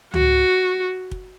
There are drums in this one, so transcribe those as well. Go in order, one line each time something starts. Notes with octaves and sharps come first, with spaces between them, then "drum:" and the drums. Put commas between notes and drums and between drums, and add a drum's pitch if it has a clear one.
F#4, drum: tom C#2
drum: kick